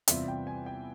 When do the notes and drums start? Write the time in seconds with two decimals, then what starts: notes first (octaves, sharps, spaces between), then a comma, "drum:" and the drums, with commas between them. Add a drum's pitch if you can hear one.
0.08 E2 C3 G3 C4 F4 E5, drum: hi-hat
0.28 G5
0.47 G#5
0.66 G5